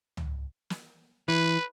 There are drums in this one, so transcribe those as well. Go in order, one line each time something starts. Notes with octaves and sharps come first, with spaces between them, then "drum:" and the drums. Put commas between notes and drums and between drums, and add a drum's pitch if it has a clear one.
drum: tom C#2
drum: snare
E3 B4